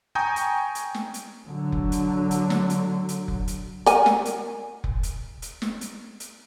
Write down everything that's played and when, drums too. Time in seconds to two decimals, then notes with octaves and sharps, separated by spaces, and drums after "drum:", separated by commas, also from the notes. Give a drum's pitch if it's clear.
0.15 G5 G#5 A#5 C#6 D#6 G6
0.36 drum: hi-hat
0.75 drum: hi-hat
0.94 drum: snare
1.14 drum: hi-hat
1.44 D3 F#3
1.72 drum: kick F1
1.92 drum: hi-hat
2.31 drum: hi-hat
2.50 drum: snare
2.70 drum: hi-hat
3.09 drum: hi-hat
3.28 drum: kick F1
3.48 drum: hi-hat
3.86 A#4 G#5, drum: hi-hat
4.06 drum: snare
4.25 drum: hi-hat
4.84 drum: kick F1
5.03 drum: hi-hat
5.42 drum: hi-hat
5.62 drum: snare
5.81 drum: hi-hat
6.20 drum: hi-hat